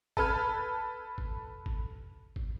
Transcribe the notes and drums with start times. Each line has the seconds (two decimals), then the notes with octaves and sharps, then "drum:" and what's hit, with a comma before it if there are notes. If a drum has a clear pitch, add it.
0.17 A4 B4 A5 F6 G#6, drum: kick G#1
1.18 drum: kick G#1
1.66 drum: kick G#1
2.36 drum: kick G#1